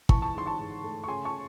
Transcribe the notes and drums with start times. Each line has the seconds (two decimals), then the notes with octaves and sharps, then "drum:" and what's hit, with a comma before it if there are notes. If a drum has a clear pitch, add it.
0.09 E3 A5 C#6, drum: kick
0.22 A5 C#6
0.34 G#2 C6
0.46 A5 C#6
0.59 G#2
0.84 A3
1.04 C#6
1.08 C#3 G#5 C6
1.25 A5 C#6